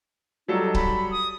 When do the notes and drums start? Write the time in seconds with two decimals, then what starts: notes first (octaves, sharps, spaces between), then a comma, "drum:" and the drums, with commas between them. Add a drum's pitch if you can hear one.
0.48 F#3 G3 D#4 A4
0.74 B5, drum: kick C#1
1.11 D#6